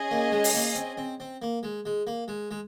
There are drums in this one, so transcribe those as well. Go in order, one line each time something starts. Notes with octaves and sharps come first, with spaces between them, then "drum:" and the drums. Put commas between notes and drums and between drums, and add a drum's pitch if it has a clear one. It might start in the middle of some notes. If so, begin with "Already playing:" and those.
Already playing: C#4 G#4 D#5 G#5
A#3
G#3
drum: open hi-hat
A#3
C4
C4
C4
A#3
G#3
G#3
A#3
G#3
G#3